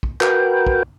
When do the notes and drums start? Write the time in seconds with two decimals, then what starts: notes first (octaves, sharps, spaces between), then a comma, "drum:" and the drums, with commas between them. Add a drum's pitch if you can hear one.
0.03 drum: kick
0.21 F#4 A#4 B4 G5, drum: clap
0.67 drum: kick